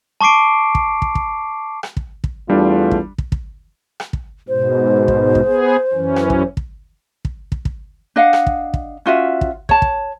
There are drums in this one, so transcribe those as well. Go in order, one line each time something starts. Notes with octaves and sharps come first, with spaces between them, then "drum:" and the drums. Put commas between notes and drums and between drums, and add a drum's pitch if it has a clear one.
A5 C#6 D6 C7 D7
drum: kick
drum: kick
drum: kick
drum: rim click
drum: kick
drum: kick
E2 G3 A3 D4 F4
drum: kick
drum: kick
drum: kick
drum: rim click
drum: kick
G#2 B2 C5
drum: kick
drum: kick
B3 G#4
F#2 E3 C#4
drum: rim click
drum: kick
drum: kick
drum: kick
drum: kick
drum: kick
D4 D#5 F5 F#5
drum: rim click
drum: kick
drum: kick
C#4 F4 F#4 E5
drum: kick
C#5 A5, drum: kick
drum: kick